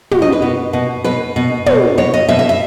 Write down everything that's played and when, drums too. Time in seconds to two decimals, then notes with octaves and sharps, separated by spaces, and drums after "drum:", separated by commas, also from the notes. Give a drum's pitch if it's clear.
0.11 B2, drum: tom
0.22 D#5
0.32 B4
0.42 B2
0.73 B2
1.04 B2 B4
1.36 B2
1.66 B2, drum: tom
1.98 B2 C#5
2.14 D#5
2.28 B2 E5
2.39 E5
2.49 E5